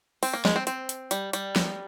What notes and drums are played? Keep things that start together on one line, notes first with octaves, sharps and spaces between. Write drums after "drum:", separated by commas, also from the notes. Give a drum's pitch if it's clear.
C4, drum: open hi-hat
A#3
G#3, drum: snare
C4
C4, drum: hi-hat
drum: hi-hat
G3, drum: hi-hat
G3, drum: hi-hat
drum: snare